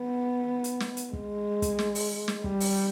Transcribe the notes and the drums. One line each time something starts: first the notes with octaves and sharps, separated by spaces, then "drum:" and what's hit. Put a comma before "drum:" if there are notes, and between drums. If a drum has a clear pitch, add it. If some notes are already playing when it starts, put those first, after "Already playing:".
Already playing: B3
drum: hi-hat
drum: snare
drum: hi-hat
G#3, drum: kick
drum: kick, hi-hat
drum: snare
drum: open hi-hat
drum: snare
G3, drum: kick
drum: open hi-hat